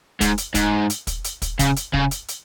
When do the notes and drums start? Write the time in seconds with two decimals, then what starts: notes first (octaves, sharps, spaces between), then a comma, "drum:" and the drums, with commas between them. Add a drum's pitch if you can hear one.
0.21 G#2, drum: kick, hi-hat
0.38 drum: hi-hat
0.55 G#2, drum: kick, hi-hat
0.90 drum: hi-hat
1.07 drum: kick, hi-hat
1.24 drum: hi-hat
1.42 drum: kick, hi-hat
1.59 C#3, drum: kick, hi-hat
1.76 drum: hi-hat
1.93 C#3, drum: kick
2.11 drum: hi-hat
2.28 drum: hi-hat